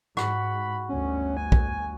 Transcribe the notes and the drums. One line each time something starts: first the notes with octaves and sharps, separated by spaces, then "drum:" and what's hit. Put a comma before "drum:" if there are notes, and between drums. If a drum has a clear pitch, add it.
G#2 F#4 B5, drum: rim click
G1 D2 C#4
G#5
drum: kick